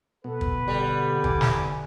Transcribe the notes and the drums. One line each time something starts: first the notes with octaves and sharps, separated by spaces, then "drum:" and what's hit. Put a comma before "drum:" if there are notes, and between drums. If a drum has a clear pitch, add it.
B2 B3 A4 B4
drum: kick
D3 G3
E2 G#5 D6, drum: kick
drum: snare